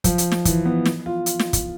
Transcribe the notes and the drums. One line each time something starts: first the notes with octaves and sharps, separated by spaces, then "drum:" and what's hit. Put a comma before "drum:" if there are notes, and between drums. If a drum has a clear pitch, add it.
F3, drum: kick, hi-hat
drum: hi-hat
drum: snare
E3, drum: kick, hi-hat
B3
drum: snare
F4
drum: hi-hat
drum: snare
drum: kick, hi-hat